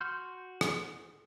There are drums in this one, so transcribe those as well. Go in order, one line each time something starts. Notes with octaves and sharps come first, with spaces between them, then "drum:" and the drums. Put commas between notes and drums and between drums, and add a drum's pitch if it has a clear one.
F#4 C6 F6 G6
drum: rim click